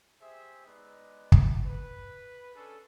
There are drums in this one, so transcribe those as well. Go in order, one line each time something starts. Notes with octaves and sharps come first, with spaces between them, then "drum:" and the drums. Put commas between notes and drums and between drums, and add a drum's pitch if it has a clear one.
G4 G#4 C5 E5
G#3 B3 D#4 B4 D5
drum: kick
B4
C#4 D4 G#4 A4